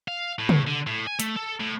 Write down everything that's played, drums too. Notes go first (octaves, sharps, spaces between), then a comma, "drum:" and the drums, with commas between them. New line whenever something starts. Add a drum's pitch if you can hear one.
F5
A2
drum: tom
D3
A2
G#5
A3, drum: hi-hat
A4
A2